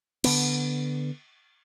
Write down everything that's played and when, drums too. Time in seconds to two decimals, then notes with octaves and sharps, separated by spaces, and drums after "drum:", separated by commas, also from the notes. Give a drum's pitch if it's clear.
0.24 D3 B3, drum: cymbal